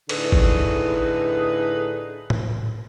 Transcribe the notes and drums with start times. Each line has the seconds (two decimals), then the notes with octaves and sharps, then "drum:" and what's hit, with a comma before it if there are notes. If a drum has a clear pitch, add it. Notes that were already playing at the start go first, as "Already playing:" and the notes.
0.09 A2 D3 D#4 G#4 B4, drum: cymbal
0.32 drum: kick
2.30 drum: tom